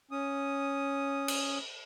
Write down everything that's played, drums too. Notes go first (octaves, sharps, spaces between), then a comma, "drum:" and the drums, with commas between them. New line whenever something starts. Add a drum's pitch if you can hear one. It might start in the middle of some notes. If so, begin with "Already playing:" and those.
C#4 D#6
drum: cymbal